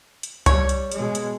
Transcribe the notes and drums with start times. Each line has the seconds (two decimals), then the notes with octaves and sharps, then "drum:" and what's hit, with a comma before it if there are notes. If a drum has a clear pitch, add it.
0.23 drum: hi-hat
0.46 G3 C#5, drum: kick C2, hi-hat
0.69 drum: hi-hat
0.92 B2 G#3, drum: hi-hat
1.15 drum: hi-hat